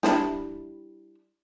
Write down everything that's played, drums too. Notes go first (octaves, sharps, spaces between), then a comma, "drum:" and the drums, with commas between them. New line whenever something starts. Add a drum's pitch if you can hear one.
G3 D4 E4, drum: snare